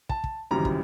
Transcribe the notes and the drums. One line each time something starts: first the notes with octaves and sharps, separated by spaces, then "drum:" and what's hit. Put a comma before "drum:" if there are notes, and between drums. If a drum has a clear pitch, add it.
A5, drum: kick
drum: kick
G#1 F#2 C#3 E3 G3 A#5
drum: kick